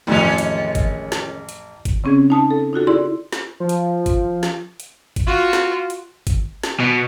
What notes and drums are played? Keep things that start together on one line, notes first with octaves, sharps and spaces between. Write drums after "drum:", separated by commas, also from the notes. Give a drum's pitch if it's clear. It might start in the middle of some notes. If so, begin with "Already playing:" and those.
A1 F2 D#3 G#3 C#4
drum: hi-hat
drum: kick G1, hi-hat
drum: snare
drum: hi-hat
drum: kick G1, hi-hat
C#3 C4 C#4 G#4 G#6
D#4 A5 D#6
A4
D#4 F4 F#4 A4
E4 G#4 D5 C6
drum: snare
F3
drum: hi-hat
drum: kick G1, hi-hat
drum: snare
drum: hi-hat
drum: kick G1, hi-hat
F4 F#4
drum: snare
drum: hi-hat
drum: kick G1, hi-hat
drum: snare
B2